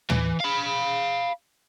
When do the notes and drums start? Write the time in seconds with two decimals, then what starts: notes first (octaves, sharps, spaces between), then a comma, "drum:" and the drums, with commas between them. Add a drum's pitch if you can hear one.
0.10 E3, drum: tom
0.40 F5 B5